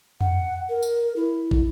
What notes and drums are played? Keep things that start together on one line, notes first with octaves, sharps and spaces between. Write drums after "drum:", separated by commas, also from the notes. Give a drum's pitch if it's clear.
F#5, drum: tom F2
A#4
drum: tambourine
E4
drum: kick